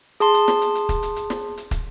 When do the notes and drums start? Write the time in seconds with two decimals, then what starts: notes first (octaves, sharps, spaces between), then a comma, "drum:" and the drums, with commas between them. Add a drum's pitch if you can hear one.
0.20 G#4 A5 C6, drum: hi-hat
0.34 drum: hi-hat
0.48 drum: snare
0.62 drum: hi-hat
0.75 drum: hi-hat
0.89 drum: kick, hi-hat
1.03 drum: hi-hat
1.16 drum: hi-hat
1.30 drum: snare
1.57 drum: hi-hat
1.71 drum: kick, hi-hat